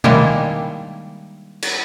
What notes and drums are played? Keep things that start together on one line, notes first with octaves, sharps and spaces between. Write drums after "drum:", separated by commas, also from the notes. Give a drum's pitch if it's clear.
D#3 G3 G#3 A#3 D4 E4, drum: tom
drum: cymbal